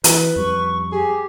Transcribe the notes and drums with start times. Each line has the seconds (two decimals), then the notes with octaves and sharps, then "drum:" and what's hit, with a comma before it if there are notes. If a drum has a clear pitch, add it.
0.04 E3 B4, drum: hi-hat
0.36 F2 G3 C#6
0.92 G4 G#4